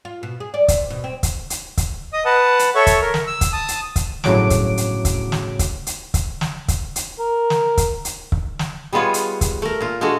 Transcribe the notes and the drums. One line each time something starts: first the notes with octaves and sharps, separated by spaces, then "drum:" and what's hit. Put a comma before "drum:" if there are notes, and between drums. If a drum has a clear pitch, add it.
F4
B2
G#4
D5
C3, drum: kick C#1, hi-hat
B2
C4
drum: kick C#1, hi-hat
drum: hi-hat
drum: kick C#1, hi-hat
D#5 D#6
B4 F#5 A5
drum: hi-hat
A4 C#5 E5 C#6
drum: kick C#1, hi-hat
A#4
drum: snare
E6
drum: kick C#1, hi-hat
A5 D#6
drum: hi-hat
drum: kick C#1, hi-hat
G1 A2 C#3 F#3 D6 D7, drum: snare
drum: kick C#1, hi-hat
drum: hi-hat
drum: kick C#1, hi-hat
drum: snare
drum: kick C#1, hi-hat
drum: hi-hat
drum: kick C#1, hi-hat
drum: snare
drum: kick C#1, hi-hat
drum: hi-hat
A#4
drum: snare
drum: kick C#1, hi-hat
drum: hi-hat
drum: kick C#1
drum: snare
G3 G#3 B3 F4 B4 C#5
drum: hi-hat
drum: kick C#1, hi-hat
A3 A#4
A#2 F4
G#3 A3 D4 F#4 A4